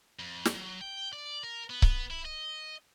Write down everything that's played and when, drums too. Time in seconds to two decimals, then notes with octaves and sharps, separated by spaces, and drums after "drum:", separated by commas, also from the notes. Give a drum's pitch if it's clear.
0.19 F2
0.45 drum: snare
0.56 F#3
0.81 G5
1.13 D5
1.43 A#4
1.70 B3
1.82 drum: kick C#1
2.10 E4
2.25 D#5